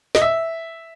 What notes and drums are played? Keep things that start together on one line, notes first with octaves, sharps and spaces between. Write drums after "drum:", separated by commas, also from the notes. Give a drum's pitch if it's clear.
D#5, drum: snare
E5